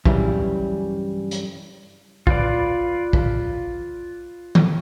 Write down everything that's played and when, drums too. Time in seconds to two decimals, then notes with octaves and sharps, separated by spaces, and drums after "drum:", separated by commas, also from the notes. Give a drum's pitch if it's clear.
0.05 G2 C#3 E3 F#3 G3, drum: kick
1.31 drum: hi-hat
2.27 F4 B4 D5, drum: kick
3.13 drum: kick
4.55 drum: tom D#3